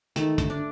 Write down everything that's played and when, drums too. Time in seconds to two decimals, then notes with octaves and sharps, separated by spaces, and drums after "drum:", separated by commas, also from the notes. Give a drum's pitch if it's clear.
0.16 D#3 A3, drum: hi-hat
0.38 D3, drum: kick, hi-hat
0.50 D4